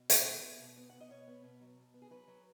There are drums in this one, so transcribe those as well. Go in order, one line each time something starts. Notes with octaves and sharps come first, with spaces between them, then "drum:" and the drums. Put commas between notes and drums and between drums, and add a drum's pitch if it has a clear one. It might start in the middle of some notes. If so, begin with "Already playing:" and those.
Already playing: B2
B3, drum: hi-hat
B3
B3
B2
B3
B3 F#5
D#5
B2 C#5
B3
B2
F#3
B2
B3
G#4
F#3 B4
F#3